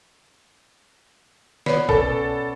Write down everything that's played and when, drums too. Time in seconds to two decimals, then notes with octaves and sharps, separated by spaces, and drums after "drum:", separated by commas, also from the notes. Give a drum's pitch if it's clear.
1.66 B3 B4 C#5 D5, drum: snare
1.89 B2 C#4 A4 C#5 D5, drum: kick